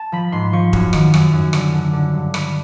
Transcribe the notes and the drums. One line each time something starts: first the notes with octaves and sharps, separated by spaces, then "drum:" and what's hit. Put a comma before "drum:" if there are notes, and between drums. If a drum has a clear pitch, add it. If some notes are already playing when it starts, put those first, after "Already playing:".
Already playing: A5
F3 B5
G#2 C6
F3 C#6
F#2, drum: kick E1
D#3, drum: rim click
F#2, drum: rim click
F#2
D3, drum: rim click
D3
D3
G2
D3 B5, drum: rim click